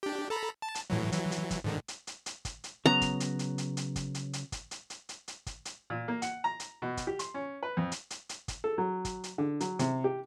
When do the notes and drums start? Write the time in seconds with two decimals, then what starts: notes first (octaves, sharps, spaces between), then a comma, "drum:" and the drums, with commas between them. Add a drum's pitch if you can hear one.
0.03 D4 G4
0.30 A4 A#5 B5
0.62 A5
0.75 drum: hi-hat
0.90 A2 E3 F#3
1.12 E3 F#3, drum: hi-hat
1.32 drum: hi-hat
1.51 drum: kick, hi-hat
1.64 G#2 D3 D#3
1.88 drum: hi-hat
2.07 drum: hi-hat
2.26 drum: hi-hat
2.45 drum: kick, hi-hat
2.64 drum: hi-hat
2.86 C#3 F#3 B3 A#5
3.01 drum: kick, hi-hat
3.20 drum: hi-hat
3.39 drum: hi-hat
3.58 drum: hi-hat
3.77 drum: hi-hat
3.96 drum: kick, hi-hat
4.15 drum: hi-hat
4.33 drum: hi-hat
4.52 drum: kick, hi-hat
4.71 drum: hi-hat
4.90 drum: hi-hat
5.09 drum: hi-hat
5.28 drum: hi-hat
5.46 drum: kick, hi-hat
5.65 drum: hi-hat
5.90 A#2
6.08 A#3
6.22 F#5, drum: hi-hat
6.44 A#5
6.60 drum: hi-hat
6.82 B2
6.97 drum: kick, hi-hat
7.07 G4
7.19 C6, drum: hi-hat
7.34 C#4
7.63 B4
7.77 F2
7.92 drum: hi-hat
8.10 drum: hi-hat
8.29 drum: hi-hat
8.48 drum: kick, hi-hat
8.64 A4
8.78 F#3
9.05 drum: kick, hi-hat
9.24 drum: hi-hat
9.38 D3
9.60 F#3, drum: hi-hat
9.79 C3, drum: hi-hat
10.04 G4